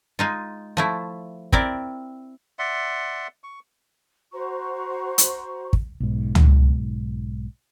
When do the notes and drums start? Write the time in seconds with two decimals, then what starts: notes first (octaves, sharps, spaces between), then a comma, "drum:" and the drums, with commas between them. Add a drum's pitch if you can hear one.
0.19 G#3 D#4 F4
0.77 F3 A3 E4
1.52 C4 E4 A#4 D5, drum: kick
2.59 D5 E5 F#5 C6
3.44 C#6
4.32 F#4 C5 A#5 C#6
5.18 drum: hi-hat
5.73 drum: kick
6.00 B1 G#2
6.35 drum: tom C#2